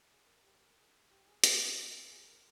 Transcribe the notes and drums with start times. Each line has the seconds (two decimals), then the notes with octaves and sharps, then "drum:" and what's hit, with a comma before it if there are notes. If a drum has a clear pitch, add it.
0.10 G#4
0.27 A#4
0.44 G4
0.61 A#4
0.78 G#4
0.94 G#4
1.11 G4
1.27 G#4
1.44 G#4, drum: hi-hat
1.61 G#4
1.71 G#4
1.78 A#4
1.94 G#4
2.11 G#4
2.28 A#4